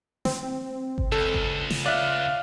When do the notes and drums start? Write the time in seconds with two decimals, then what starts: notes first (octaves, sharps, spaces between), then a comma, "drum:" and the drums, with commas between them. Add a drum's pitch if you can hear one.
0.25 C4, drum: snare
0.98 drum: kick G#1
1.12 C#2 A4
1.34 drum: kick G#1
1.70 drum: snare
1.86 D5 E5 F5 F#6